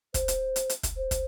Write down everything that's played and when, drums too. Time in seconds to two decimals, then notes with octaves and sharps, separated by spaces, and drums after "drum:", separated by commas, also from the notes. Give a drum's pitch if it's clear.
0.14 C5, drum: kick, hi-hat
0.28 drum: hi-hat
0.56 drum: hi-hat
0.69 drum: hi-hat
0.83 drum: kick, hi-hat
0.97 C5
1.11 drum: kick, hi-hat